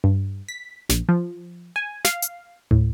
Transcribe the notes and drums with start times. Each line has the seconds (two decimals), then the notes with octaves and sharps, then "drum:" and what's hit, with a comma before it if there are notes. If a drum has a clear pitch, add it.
0.04 G2
0.48 B6
0.89 A#1, drum: snare
1.09 F3
1.76 G#5
2.05 F5, drum: snare
2.22 drum: hi-hat
2.71 A2, drum: tom D2